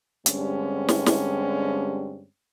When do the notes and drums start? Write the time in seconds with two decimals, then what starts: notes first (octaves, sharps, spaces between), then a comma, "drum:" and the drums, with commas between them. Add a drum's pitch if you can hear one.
0.26 G2 D3 G3 G#3 C4 C#4, drum: hi-hat
0.89 drum: snare
1.06 drum: snare